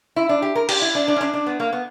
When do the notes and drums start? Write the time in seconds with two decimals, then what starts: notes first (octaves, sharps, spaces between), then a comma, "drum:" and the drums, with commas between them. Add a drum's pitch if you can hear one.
0.16 E4
0.29 D4
0.42 G4
0.56 A#4
0.69 G4, drum: cymbal
0.82 E4
0.95 D4
1.08 D4
1.16 C#4
1.21 D4
1.34 D4
1.46 B3
1.60 A#3
1.73 B3